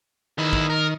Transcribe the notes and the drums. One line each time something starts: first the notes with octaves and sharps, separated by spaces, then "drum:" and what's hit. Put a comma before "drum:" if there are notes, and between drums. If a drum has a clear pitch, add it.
E2 D#3 E4
drum: kick
A#4